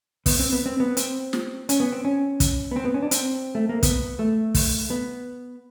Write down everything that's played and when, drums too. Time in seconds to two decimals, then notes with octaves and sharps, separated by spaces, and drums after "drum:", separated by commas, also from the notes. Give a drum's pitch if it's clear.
0.26 B3, drum: kick, open hi-hat
0.39 C4
0.52 B3
0.66 C4
0.80 B3
0.97 C4, drum: hi-hat
1.33 drum: snare
1.69 C#4, drum: hi-hat
1.80 B3
1.92 C4
2.05 C#4
2.40 drum: kick, hi-hat
2.71 B3
2.76 C4
2.85 B3
2.94 C#4
3.03 D4
3.11 C4, drum: hi-hat
3.55 A3
3.69 A#3
3.83 B3, drum: kick, hi-hat
4.19 A3
4.55 drum: kick, open hi-hat
4.90 B3